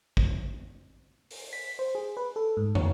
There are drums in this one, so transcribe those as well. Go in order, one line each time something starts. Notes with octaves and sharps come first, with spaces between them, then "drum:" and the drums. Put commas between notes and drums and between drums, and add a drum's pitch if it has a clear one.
drum: kick
drum: open hi-hat
B6
C5
G#4
B4
A4
G#2
C#5, drum: tom